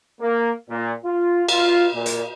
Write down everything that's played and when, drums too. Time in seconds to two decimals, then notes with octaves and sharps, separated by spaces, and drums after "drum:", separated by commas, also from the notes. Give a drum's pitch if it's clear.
0.21 A#3
0.70 A#2
1.05 F4
1.49 F4, drum: cymbal
1.93 A#2
2.06 drum: hi-hat